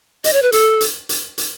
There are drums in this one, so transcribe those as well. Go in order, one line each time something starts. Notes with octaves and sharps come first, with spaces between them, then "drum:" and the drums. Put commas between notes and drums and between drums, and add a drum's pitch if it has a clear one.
D#5, drum: hi-hat
C#5
B4
A4, drum: hi-hat
drum: hi-hat
drum: hi-hat
drum: hi-hat